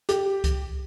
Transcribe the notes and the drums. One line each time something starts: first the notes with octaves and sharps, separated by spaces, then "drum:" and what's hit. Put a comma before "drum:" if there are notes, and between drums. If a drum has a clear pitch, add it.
G4, drum: hi-hat
drum: kick C2, hi-hat